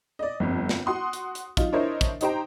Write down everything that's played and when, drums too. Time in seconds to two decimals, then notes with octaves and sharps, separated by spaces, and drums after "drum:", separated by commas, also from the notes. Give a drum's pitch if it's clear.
0.19 D5 D#5
0.40 G1 F2
0.69 drum: snare
0.86 F#4 F#5 C6 D#6
1.13 drum: hi-hat
1.35 drum: hi-hat
1.57 F#3 D#4 F4, drum: kick, hi-hat
1.72 D4 E4 A#4 C5 C#5 D#5
2.01 drum: kick, hi-hat
2.21 D#4 G4 C5 G5 A#5, drum: hi-hat